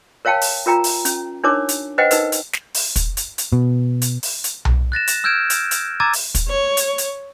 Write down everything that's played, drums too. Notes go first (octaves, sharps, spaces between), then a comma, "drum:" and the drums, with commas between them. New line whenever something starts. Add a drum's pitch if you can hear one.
A#4 C#5 F5 G5 A5
drum: open hi-hat
F4 A#4 G5 A#5
drum: open hi-hat
C#4, drum: hi-hat
D4 D#4 A#4 C#5 D6
drum: hi-hat
B4 C5 D#5 F#5 G5
D#4 A#4 B4, drum: hi-hat
drum: hi-hat
drum: snare
drum: open hi-hat
drum: kick, hi-hat
drum: hi-hat
drum: hi-hat
B2
drum: hi-hat
drum: open hi-hat
drum: hi-hat
drum: tom B1
F#6 A6 A#6 E7
drum: hi-hat
E6 F6 G6 G#6 D7 E7
drum: hi-hat
drum: hi-hat
A#5 D6 E6 G#6 A6 D#7
drum: open hi-hat
drum: kick, hi-hat
C#5
drum: hi-hat
drum: hi-hat